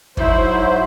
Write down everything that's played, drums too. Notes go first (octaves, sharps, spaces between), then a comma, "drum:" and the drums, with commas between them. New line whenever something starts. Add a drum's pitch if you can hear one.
G#2 F#3 E4 C5, drum: kick